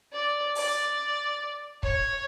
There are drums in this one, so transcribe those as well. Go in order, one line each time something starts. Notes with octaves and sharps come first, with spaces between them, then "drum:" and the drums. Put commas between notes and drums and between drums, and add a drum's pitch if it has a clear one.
D5
D5, drum: open hi-hat
C#5, drum: kick